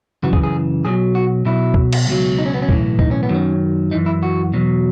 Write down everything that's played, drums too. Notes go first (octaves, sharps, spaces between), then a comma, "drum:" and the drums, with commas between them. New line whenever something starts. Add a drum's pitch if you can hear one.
F#2 C#3 E3 F#4
G#4, drum: kick
G#4
B1 B2 F#3 G#4
F#4
B1 B2 F#3 E4
drum: kick
drum: cymbal
C#2 B2 F#3
D#4
C#4
B3
C#4
B1 A2 E3, drum: kick
D#4, drum: kick
C#4
B3
F#2 D#3 F#3 C#4
F#2 E3 D#4
E4
F#4
E2 B2 F#3